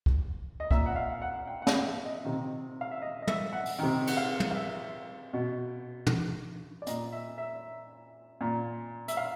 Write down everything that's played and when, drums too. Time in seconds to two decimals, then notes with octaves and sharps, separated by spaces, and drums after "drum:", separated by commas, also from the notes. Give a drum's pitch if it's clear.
0.06 drum: kick
0.60 D#5
0.71 A#2 E5, drum: kick
0.86 F#5
0.96 F5
1.22 F#5
1.47 G5
1.62 F#5
1.67 F5, drum: snare
1.86 E5
2.05 D#5
2.25 C3 D#3
2.81 F5
2.91 E5
3.02 D#5
3.22 D#5
3.27 E5, drum: tom
3.53 F#5
3.66 drum: open hi-hat
3.79 C3 D#3 G5
4.07 F#5, drum: cymbal
4.17 F5
4.40 drum: tom
4.51 F5
4.55 E5
5.33 B2
6.07 drum: tom
6.82 D5
6.87 A#2 D#5, drum: hi-hat
7.12 E5
7.38 E5
8.41 A#2
9.08 E5, drum: hi-hat
9.17 F5